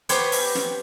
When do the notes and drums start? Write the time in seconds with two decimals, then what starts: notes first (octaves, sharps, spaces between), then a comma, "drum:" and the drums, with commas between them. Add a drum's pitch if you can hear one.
0.09 B3 G4 C5 C#5, drum: hi-hat
0.32 drum: open hi-hat
0.55 drum: snare